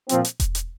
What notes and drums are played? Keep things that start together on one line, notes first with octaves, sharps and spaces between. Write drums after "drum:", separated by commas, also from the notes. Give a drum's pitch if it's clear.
A#2 F3 C4, drum: hi-hat
drum: hi-hat
drum: kick E1, hi-hat
drum: hi-hat